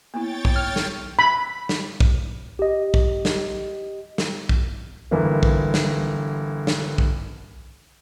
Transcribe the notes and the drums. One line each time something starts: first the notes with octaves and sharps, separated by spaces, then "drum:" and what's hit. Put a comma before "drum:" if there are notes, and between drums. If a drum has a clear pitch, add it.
A#3 B3 E4 C#5 G5 A6
drum: kick
F6
drum: snare
B5
drum: snare
drum: kick
G4 D#5
drum: kick
drum: snare
drum: snare
drum: kick
G1 E3 A#3
drum: kick
drum: snare
drum: snare
drum: kick